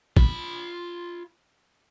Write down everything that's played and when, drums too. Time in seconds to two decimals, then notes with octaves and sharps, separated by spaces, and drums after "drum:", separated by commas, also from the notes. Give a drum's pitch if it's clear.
0.17 F4 B5, drum: kick